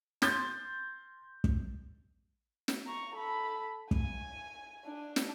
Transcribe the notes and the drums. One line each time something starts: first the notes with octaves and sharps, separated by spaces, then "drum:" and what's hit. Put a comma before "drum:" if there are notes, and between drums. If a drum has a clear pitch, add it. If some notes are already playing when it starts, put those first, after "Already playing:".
C6 G6 A6, drum: snare
drum: kick
drum: snare
A#5 C#6
A4 B5
G#5, drum: kick
D4
drum: snare